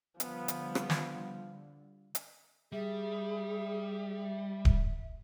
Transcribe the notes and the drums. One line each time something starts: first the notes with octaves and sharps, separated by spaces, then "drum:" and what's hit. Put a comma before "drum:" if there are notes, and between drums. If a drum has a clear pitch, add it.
D3 F3 G3 B3, drum: hi-hat
drum: hi-hat
drum: rim click
drum: snare
drum: hi-hat
G3 G#4 E5
drum: kick D1